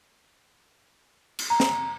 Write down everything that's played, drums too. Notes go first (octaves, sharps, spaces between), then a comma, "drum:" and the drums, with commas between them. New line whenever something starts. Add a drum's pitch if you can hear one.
drum: cymbal
A#5
drum: snare